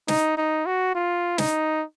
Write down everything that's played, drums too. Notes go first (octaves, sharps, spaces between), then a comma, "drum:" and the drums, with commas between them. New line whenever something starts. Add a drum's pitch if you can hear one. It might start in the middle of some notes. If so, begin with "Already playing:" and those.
D#4, drum: snare
D#4
F#4
F4
D#4, drum: snare